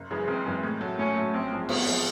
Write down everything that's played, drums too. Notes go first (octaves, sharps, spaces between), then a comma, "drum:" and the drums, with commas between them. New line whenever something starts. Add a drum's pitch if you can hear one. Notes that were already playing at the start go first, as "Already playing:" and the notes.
Already playing: F#1
F#2 C#3 E3 G#3
F#1 C4
F#2 C#3 E3 G#3
A2
F#3 A3
A2 C#4
F#3 A3
A#1 C4
G#2 F3 G#3
A#1 B3, drum: cymbal
F3 G#3